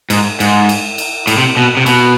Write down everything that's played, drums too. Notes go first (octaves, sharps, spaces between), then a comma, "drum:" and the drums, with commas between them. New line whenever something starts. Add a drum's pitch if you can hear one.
G#2, drum: cymbal
G#2, drum: cymbal
drum: cymbal
drum: cymbal
A2, drum: cymbal
C3
B2
C3
B2, drum: cymbal